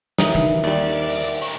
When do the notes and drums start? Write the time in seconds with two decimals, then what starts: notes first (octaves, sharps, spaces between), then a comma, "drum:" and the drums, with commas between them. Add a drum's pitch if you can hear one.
0.18 D#4 G4 A#4 E5, drum: snare
0.35 D#3 E3
0.64 D#2 G3 D5, drum: cymbal
1.09 drum: open hi-hat
1.42 A#2 D#3